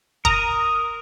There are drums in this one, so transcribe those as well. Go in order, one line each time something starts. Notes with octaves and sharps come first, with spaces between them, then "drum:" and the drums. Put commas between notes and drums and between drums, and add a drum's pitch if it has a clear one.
A#4 A#5 D#6, drum: kick